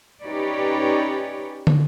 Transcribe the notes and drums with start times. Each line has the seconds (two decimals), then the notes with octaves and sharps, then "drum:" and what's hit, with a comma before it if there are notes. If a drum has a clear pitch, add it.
0.23 C#4 D#4 G4 B4 C#5 D5
1.67 drum: tom